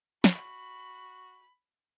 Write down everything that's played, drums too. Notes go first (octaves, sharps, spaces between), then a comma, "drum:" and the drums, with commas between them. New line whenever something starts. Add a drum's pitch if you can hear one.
F#4 B5, drum: snare